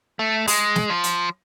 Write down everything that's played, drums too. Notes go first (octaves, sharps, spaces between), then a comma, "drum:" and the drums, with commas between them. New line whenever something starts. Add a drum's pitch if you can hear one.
A3
G#3, drum: open hi-hat
drum: snare
F3
drum: hi-hat